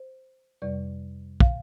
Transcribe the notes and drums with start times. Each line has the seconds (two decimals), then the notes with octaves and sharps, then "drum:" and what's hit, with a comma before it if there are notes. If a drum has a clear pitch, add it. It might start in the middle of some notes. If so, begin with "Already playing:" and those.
Already playing: C5
0.62 F2 C3 G3 D5
1.40 F5, drum: kick